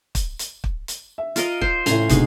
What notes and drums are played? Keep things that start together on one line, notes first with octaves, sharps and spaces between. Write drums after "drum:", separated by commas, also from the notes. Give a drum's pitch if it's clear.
drum: kick, hi-hat
drum: hi-hat
drum: kick
drum: hi-hat
E5
F4 A#4 D#5, drum: hi-hat
C5, drum: kick
A1 A2 G#5 A#5 C6, drum: hi-hat
D#1 D2 B2 G#3 D#4, drum: kick, hi-hat